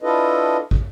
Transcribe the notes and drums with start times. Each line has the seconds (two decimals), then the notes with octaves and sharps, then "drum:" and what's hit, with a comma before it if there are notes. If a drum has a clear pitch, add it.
0.02 D4 E4 F4 A4 B4 D#5
0.71 drum: kick